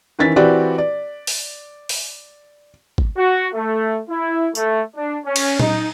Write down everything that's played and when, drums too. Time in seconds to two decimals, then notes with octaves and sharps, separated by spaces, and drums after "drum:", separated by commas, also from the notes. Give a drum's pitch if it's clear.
0.19 D#3 E3 C#4 A6 B6
0.36 E3 C4 F#4 G4 B4 D5
0.78 D5
1.27 drum: open hi-hat
1.89 drum: open hi-hat
2.98 drum: kick
3.17 F#4
3.54 A3
4.09 E4
4.55 A3, drum: tambourine
4.96 D4
5.26 C#4
5.36 drum: cymbal
5.60 D#4, drum: tom